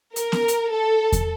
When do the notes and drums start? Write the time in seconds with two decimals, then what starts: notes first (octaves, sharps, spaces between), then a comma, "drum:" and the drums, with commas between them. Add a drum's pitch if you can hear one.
0.16 A#4, drum: hi-hat
0.32 drum: snare B3
0.48 drum: hi-hat
0.73 A4
1.12 drum: kick E2, hi-hat